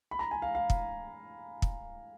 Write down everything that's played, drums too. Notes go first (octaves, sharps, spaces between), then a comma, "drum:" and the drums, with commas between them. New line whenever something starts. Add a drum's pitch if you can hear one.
B5
A#5
G#5
F5
F5
drum: kick
drum: kick